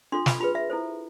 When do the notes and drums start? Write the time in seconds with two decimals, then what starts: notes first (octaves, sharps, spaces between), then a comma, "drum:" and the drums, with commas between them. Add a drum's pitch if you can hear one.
0.12 D4 F4 A4 C6
0.26 B5, drum: snare
0.40 F4 G#4 B4 B5
0.55 E5
0.70 E4 A4 C5